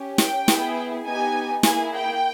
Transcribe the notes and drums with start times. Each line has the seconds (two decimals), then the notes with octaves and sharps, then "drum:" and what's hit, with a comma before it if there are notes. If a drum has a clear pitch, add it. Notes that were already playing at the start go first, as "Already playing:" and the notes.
Already playing: C#4 G4
0.18 G5, drum: snare
0.48 B3 E4 G#4, drum: snare
1.05 B3 D#4 G4 G#5
1.63 A#3 E4 G#4 G#5, drum: snare
1.93 G5